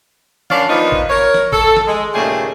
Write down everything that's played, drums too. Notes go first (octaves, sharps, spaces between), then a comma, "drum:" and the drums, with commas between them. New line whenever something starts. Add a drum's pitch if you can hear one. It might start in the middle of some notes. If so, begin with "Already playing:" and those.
F#2 C#4 D4 D5 F5, drum: snare
F3 A#3 B3 D4 D#4 F4
drum: kick
A#4 C#5
drum: snare
A4, drum: kick
drum: snare
G#3
D#2 A#2 C#3 G3 A3 G#4